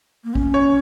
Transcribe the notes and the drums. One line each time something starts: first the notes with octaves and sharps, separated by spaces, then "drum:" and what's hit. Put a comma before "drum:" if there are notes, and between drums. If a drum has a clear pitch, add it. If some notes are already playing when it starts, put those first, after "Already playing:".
A#3
C#4, drum: kick A1
C#5